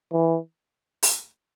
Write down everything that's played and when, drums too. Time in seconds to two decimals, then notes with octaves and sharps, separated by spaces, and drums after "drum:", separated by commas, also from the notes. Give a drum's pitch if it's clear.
0.12 E3
1.03 drum: open hi-hat